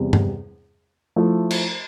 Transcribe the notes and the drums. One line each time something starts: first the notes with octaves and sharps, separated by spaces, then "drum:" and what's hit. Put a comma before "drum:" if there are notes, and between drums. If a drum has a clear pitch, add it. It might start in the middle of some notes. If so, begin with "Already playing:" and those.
Already playing: E2 C3 G3
drum: tom G2
F3 A3 E4 A4
drum: cymbal